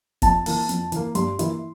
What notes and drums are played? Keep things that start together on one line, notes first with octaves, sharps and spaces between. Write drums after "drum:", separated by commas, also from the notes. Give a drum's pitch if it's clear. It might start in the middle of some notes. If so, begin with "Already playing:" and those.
F2 A5, drum: kick F#1, hi-hat
E3 A#3, drum: open hi-hat
F2, drum: hi-hat
E3 A#3, drum: hi-hat
G2 C6, drum: hi-hat
E3 A#3 E4, drum: hi-hat